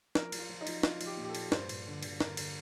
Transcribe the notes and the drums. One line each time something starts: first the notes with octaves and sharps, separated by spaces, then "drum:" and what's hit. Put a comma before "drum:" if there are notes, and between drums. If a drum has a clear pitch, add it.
F3 A#4, drum: snare
F3, drum: cymbal
F4
F3
D#4
F3, drum: cymbal
F3 F4, drum: snare
F3, drum: cymbal
G4
A#2
G4
A4
A#2, drum: cymbal
G2 C5, drum: snare
G2, drum: cymbal
D3
D3, drum: cymbal
D3 A#4, drum: snare
D3, drum: cymbal